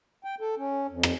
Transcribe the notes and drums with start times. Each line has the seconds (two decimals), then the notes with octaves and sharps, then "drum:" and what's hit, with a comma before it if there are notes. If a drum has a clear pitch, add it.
0.24 G5
0.41 A4
0.57 C#4
0.90 F2
1.03 drum: rim click